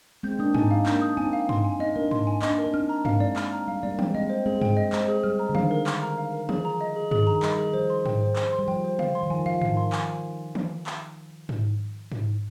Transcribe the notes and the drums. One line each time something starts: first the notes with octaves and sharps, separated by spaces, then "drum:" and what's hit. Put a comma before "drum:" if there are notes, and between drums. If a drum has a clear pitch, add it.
G#3 C4 G6
A#3 D4 D#6
C4 D#4 G#5, drum: tom G#2
F5
A#3 D4 G6, drum: clap
D#6
C4 D#4 G#5
F5
C6, drum: tom G2
G#5
C4 D#4 D#5
A#3 D4 A#4
C6, drum: tom G#2
G#5
A#3 D4 D#5, drum: clap
A#4
D4
C4 D#4 F6
A#5
A#3 D4 F5, drum: tom G2
G#3 C4 D5
F6, drum: clap
A#5
G3 F5
G3 A#3 D5
G#3 C4 G5, drum: tom E3
G#3 C4 D#5
C5
G#3 C4 G#4
G#3 G5, drum: tom G2
D#5
G#3 C5, drum: clap
G#4
G3 F6
A#5
D3
D#3 F5, drum: tom E3
A#4
F6, drum: clap
A#5
F5
A#4
F3 G#4, drum: tom E3
A#5
D#5
G#4
D#3 G#4, drum: tom G2
D#3 A#5
G3 D#5, drum: clap
G#4
F3 C5
C6
G5, drum: tom G#2
C5
C5, drum: clap
C6
G3
F3 G5
C5
F5, drum: tom C#3
C6
D#3
F3 G#5
F3 F5
D#3 F5, drum: tom G#2
C6
G#5, drum: clap
drum: tom E3
drum: clap
drum: tom G#2
drum: tom G#2